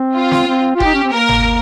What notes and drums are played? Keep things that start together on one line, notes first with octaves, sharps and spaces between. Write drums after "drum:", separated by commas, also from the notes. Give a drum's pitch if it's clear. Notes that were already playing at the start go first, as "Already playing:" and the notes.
Already playing: C4
F4
drum: snare
C4
F4
D#4 G4, drum: kick F#1
C#4
C4
A#3 A#4
drum: tom G1